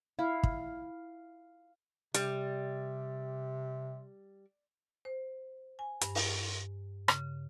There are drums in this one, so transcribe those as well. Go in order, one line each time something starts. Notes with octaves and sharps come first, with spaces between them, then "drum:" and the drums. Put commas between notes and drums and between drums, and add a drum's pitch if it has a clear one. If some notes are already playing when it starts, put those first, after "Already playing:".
E4 F5
drum: kick
C3 G3, drum: hi-hat
C5
G#5
G2, drum: hi-hat
drum: open hi-hat
C#3, drum: rim click